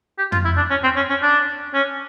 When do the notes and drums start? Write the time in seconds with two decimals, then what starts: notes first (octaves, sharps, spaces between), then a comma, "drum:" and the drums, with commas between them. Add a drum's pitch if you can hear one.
0.18 G4
0.32 F4, drum: tom
0.45 E4
0.57 D4
0.70 C#4
0.83 C4
0.96 C#4
1.09 C#4
1.23 D4
1.74 C#4